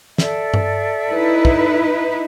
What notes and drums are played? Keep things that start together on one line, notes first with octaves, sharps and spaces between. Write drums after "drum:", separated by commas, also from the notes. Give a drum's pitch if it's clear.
A4 D5 E5, drum: snare
drum: tom G2
D#4 E4 B4
drum: kick